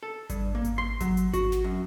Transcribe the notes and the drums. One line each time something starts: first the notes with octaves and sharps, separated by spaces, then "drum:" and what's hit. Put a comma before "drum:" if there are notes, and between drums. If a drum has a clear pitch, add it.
A4
G2, drum: kick G#1, hi-hat
A#3
drum: kick G#1, hi-hat
C6
F#3, drum: kick G#1, hi-hat
drum: hi-hat
F#4, drum: kick G#1, hi-hat
drum: snare
F#2